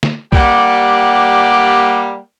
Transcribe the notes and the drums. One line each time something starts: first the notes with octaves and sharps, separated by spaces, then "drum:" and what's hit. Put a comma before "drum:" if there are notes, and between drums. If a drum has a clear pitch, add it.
drum: snare
G3 A#3 G4 D5 F#5 G5, drum: kick B1